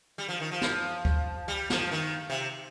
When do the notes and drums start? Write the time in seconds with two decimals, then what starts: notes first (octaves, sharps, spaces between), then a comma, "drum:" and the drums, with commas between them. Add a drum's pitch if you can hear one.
0.18 G3
0.29 F3
0.40 D#3
0.51 F3
0.61 drum: snare
1.05 drum: kick D2
1.48 G3
1.70 F3, drum: snare
1.92 D#3
2.30 C3